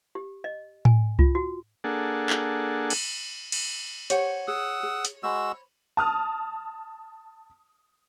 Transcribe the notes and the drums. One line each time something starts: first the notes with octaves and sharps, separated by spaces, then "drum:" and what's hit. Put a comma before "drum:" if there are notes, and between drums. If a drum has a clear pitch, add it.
G4
D#5
G#5, drum: tom A2
F4, drum: kick C2
F#4
A#3 D4 G#4 A4 F#5
drum: clap
drum: cymbal
drum: cymbal
G4 C5 C#5 F#5, drum: hi-hat
G#4 F#5 D#6 E6
G#4
drum: hi-hat
G#3 F#4 C5 B5 E6
A5 D#6 F6